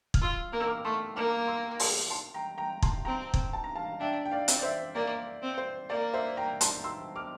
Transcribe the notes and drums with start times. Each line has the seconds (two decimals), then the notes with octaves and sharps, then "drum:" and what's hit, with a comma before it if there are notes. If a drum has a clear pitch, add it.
0.14 F6, drum: kick
0.21 F4 C6 E6
0.52 A#3 F6
0.60 E6
0.67 D6 F6
0.84 A3 C6 E6
1.16 A#3 D6 F6
1.47 C6 E6
1.79 A5 C6, drum: open hi-hat
2.10 A5 C6
2.34 G5 A#5
2.58 G5 A#5
2.82 A5 C6, drum: kick
3.05 C4 G5 A#5
3.34 drum: kick
3.53 A5
3.64 A#5
3.75 F5 A5
4.00 D4 E5 G5
4.25 G5
4.31 D5 F5
4.48 C4, drum: hi-hat
4.59 D5
4.63 C5 E5
4.95 A#3 D5
5.42 C4
5.58 C5
5.89 A#3 D5
6.13 C5 E5
6.37 G5 A#5
6.61 A5 C6, drum: hi-hat
6.84 C6 E6
7.16 D6 F6